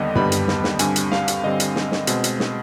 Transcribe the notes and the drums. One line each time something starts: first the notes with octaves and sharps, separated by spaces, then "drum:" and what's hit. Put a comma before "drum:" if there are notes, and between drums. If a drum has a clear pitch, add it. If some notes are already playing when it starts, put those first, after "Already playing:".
Already playing: D#2 D3 G3 B3 D#5
D#2 D3 G3 B3 B5, drum: tom
drum: hi-hat
drum: snare
drum: snare
G2 D3 G3 C4 G#5, drum: hi-hat
drum: hi-hat
F5, drum: snare
drum: hi-hat
G2 D3 G3 C4 D#5
drum: hi-hat
drum: snare
drum: snare
B2 G#3 C4, drum: hi-hat
drum: hi-hat
drum: snare